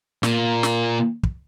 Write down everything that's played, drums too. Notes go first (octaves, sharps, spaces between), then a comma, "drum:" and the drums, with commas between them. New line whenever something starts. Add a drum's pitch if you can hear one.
A#2, drum: snare
drum: snare
drum: kick